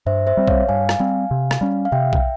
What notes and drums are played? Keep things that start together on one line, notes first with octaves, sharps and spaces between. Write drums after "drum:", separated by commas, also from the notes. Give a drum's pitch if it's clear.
G2 C5 E5
C5 E5
G3 C4
C#5 F5, drum: kick B1
G2 F5 G#5
drum: rim click
G3 C4
C3
drum: rim click
G3 C#4
F5
C3 E5 G5
drum: kick B1